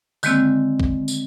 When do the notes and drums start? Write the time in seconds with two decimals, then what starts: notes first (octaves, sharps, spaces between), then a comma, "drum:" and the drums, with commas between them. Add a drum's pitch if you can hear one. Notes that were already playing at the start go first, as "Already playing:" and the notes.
0.23 D3 D#3 G#3 A#3 C4 E6, drum: tambourine
0.80 drum: kick
1.08 drum: tambourine